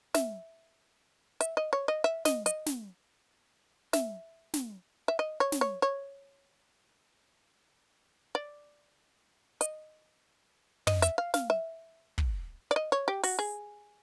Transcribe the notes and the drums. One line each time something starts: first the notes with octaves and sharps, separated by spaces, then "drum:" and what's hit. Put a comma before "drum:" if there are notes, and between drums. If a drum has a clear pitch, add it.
E5, drum: snare
E5, drum: hi-hat
D#5
C#5
D#5
E5
D#5, drum: snare
D#5, drum: hi-hat
drum: snare
E5, drum: snare
drum: snare
E5
D#5
C#5
drum: snare
C#5
C#5
D5
D#5, drum: hi-hat
D#5, drum: tom
E5, drum: hi-hat
F5
F5, drum: snare
E5
drum: kick
D5
D#5
C#5
G4
F#4, drum: open hi-hat
G#4